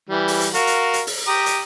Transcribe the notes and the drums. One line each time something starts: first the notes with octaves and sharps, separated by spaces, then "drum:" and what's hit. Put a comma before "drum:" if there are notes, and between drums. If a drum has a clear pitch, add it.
E3 G3
drum: open hi-hat
drum: hi-hat
F#4 A#4 F5, drum: hi-hat
drum: hi-hat
drum: hi-hat
drum: open hi-hat
G4 A#5 D#6
drum: hi-hat